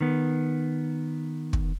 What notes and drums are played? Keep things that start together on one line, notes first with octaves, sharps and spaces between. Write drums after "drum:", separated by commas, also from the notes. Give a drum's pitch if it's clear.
D#3 B3
drum: kick